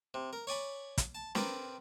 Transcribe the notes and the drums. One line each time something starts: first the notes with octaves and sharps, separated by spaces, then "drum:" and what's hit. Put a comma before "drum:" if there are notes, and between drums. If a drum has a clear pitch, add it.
C3
A#4
C#5 D5 G#5 B5
drum: kick, hi-hat
A5
C4 A#4 B4 D5, drum: snare